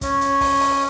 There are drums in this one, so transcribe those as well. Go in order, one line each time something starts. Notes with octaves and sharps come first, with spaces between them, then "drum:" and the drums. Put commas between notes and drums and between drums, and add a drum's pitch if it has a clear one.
C#4, drum: kick, hi-hat
drum: hi-hat
drum: kick, open hi-hat
drum: open hi-hat